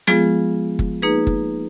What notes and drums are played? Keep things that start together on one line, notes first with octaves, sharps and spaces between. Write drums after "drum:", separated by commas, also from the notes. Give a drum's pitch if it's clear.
F3 G#3 B3 F4 G#4, drum: snare
drum: kick F#1
A#3 D#4 G#4 B4
drum: kick F#1